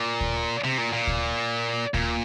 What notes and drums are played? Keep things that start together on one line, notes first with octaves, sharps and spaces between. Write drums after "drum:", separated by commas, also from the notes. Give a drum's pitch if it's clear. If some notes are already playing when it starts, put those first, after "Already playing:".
Already playing: A#2
drum: kick D2
C3
A#2
A#2
drum: kick D2
A#2, drum: kick D2